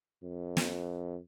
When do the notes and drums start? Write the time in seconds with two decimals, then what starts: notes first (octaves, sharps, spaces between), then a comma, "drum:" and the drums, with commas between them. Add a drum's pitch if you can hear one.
0.23 F2
0.57 drum: snare